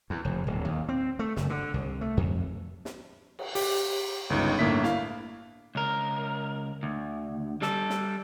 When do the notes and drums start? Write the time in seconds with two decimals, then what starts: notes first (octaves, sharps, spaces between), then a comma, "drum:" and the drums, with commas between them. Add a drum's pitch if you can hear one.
0.10 E2
0.25 F1
0.47 D1
0.65 D#2
0.89 C4
1.19 A3
1.36 F#1, drum: snare
1.50 D3
1.74 C2
2.01 A3
2.17 F2
2.85 drum: snare
3.39 drum: cymbal
3.55 G4, drum: open hi-hat
4.30 G1 C#2 D#4
4.59 G1 A2 A#3 D4 E5 B6
4.84 E4 F5, drum: snare
5.75 C#2 A#4
6.83 D2
7.62 G3 A4, drum: snare
7.90 drum: snare